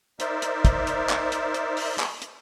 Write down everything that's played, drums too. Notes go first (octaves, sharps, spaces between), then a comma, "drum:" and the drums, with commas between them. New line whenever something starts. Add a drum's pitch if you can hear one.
D#4 A#4 C5 D5 E5, drum: hi-hat
drum: hi-hat
drum: kick, hi-hat
drum: hi-hat
drum: clap
drum: hi-hat
drum: hi-hat
drum: open hi-hat
drum: clap
drum: hi-hat